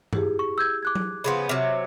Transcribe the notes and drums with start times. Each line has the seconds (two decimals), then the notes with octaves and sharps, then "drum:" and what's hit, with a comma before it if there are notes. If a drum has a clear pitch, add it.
0.13 E4 G4 G#4, drum: tom G2
0.39 C#6
0.58 E6 G6 G#6
0.83 D6 F#6 G#6
0.95 drum: tom F#3
1.24 C#3 F3 B3 B5 C6
1.49 C3 F#3 F6